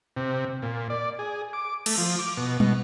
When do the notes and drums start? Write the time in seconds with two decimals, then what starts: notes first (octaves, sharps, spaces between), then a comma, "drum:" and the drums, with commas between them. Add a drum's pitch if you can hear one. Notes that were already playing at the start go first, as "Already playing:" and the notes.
0.17 C3
0.62 A#2
0.90 D5
1.19 G#4
1.53 D6
1.86 A3, drum: cymbal
1.98 F3
2.19 D6
2.37 B2
2.60 B2, drum: tom G3